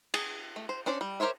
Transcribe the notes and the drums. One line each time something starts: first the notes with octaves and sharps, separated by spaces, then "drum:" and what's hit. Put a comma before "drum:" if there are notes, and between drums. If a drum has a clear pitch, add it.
G#4, drum: cymbal
A3
C5
C#4 D4 C5 D5
G3
G4 A#4 C5 C#5 E5